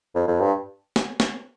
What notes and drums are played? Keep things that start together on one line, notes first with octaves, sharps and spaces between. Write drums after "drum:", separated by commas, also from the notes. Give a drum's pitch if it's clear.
F2
F2
G2
drum: snare
drum: snare